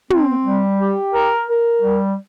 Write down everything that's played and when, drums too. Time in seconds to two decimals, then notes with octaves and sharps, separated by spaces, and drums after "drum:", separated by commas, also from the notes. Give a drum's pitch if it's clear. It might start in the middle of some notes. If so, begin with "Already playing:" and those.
0.10 C4, drum: tom
0.44 G3
0.79 G4
1.13 A#4
1.48 A#4
1.82 G3